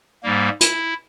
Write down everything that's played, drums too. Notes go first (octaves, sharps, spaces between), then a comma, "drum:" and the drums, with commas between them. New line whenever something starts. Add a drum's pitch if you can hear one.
G#2 G3 A#3
E4, drum: hi-hat